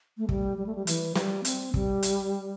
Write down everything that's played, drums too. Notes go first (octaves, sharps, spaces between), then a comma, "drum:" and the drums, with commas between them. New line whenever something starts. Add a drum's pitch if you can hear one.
A3
G3, drum: kick
G3
A3
G3
E3, drum: hi-hat
G3, drum: snare
C4, drum: hi-hat
G3, drum: kick
drum: hi-hat